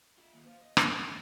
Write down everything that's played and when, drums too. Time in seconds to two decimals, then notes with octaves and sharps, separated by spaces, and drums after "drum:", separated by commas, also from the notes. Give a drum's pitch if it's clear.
0.19 F4 E5
0.34 D#2 A#2
0.46 C5 F5
0.61 D#5
0.77 C#4, drum: rim click
1.06 G4